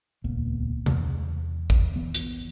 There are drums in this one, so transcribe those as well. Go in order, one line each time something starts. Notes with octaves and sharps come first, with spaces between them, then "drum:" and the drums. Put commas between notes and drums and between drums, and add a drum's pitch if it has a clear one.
D#1 C#2 A#3 B3
E2 E3, drum: tom C3
drum: kick
E3 B3
drum: hi-hat